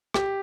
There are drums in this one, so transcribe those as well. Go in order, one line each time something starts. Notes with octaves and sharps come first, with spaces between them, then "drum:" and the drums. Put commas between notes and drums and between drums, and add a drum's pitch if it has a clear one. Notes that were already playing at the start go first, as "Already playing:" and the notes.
G4, drum: rim click